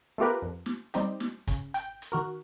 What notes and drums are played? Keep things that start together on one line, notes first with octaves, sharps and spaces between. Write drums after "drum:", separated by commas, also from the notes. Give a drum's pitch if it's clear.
A3 B3 F4 G4 A#4 B4
F2
drum: snare
G3 C4 D#4 G4, drum: hi-hat
drum: snare
C#3, drum: kick, hi-hat
G5, drum: hi-hat
drum: hi-hat
D#3 F#4 A#4